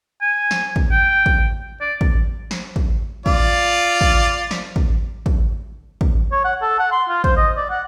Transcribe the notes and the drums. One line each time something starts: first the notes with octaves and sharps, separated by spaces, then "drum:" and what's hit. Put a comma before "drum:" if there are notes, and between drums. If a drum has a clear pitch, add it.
G#5
drum: snare
drum: kick
G5
drum: kick
D5
drum: kick
drum: snare
drum: kick
F4 D5, drum: kick
drum: kick
drum: snare
drum: kick
drum: kick
drum: kick
C#5
F#5
A4
F#5
C6
F4
C5, drum: kick
D#5
D5
F#5